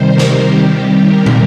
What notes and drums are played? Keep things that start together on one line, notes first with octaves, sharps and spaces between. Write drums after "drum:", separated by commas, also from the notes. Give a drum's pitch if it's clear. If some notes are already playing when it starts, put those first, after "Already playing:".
Already playing: C3 D#3 G3 C5
A#4
drum: snare
C3 D#3 G3 G4
A#4
drum: tom